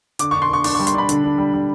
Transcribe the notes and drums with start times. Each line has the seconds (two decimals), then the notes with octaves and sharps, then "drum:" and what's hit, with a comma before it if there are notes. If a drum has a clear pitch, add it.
0.19 D3 D6, drum: hi-hat
0.31 D4 C#6
0.42 C6
0.49 D4 C#6
0.64 D4 C#6, drum: open hi-hat
0.75 G3 C#6
0.87 C6, drum: hi-hat
0.94 D4 B5
1.09 D3, drum: hi-hat
1.24 D4
1.38 G3
1.54 G3